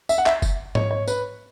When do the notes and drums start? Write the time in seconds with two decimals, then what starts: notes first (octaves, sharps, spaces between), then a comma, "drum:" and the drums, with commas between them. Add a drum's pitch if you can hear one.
0.09 E5, drum: tambourine
0.18 F#5
0.26 E5, drum: clap
0.42 drum: kick F#1, tambourine
0.75 C#5, drum: tom G#2
0.91 C#5
1.08 B4, drum: tambourine